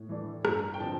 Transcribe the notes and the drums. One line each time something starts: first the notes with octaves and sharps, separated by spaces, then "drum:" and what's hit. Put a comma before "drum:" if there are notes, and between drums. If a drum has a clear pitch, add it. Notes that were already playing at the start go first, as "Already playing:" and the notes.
Already playing: A2
E3 A3 D4
G2 A#5, drum: rim click
G5
D3 F3 C4 A5